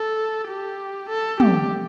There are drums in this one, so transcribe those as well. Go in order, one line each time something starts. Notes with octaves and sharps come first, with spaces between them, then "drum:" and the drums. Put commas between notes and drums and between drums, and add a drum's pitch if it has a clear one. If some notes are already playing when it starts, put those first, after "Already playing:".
Already playing: A4
G4
A4
G4, drum: tom